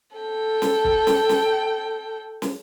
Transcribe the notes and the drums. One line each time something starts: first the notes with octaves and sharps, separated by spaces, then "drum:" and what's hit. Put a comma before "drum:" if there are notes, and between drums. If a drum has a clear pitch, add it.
A4 G5
drum: snare
drum: kick
drum: snare
drum: snare
drum: snare